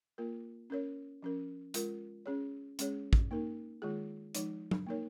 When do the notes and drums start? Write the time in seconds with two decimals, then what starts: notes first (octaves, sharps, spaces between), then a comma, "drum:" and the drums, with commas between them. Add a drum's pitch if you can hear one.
0.18 A#3 F4 A#4
0.70 C#4 A#4 C#5
1.23 F3 C#4 A#4
1.74 G#3 F4 A#4, drum: hi-hat
2.26 C#4 G#4 C#5
2.79 G#3 C#4 G#4 C#5, drum: hi-hat
3.13 drum: kick
3.31 A#3 D#4 A#4
3.82 D#3 G#3 F4 G#4
4.35 F3 G#3 D#4 C#5, drum: hi-hat
4.71 drum: tom F#3
4.87 A#3 D#4 A#4 C#5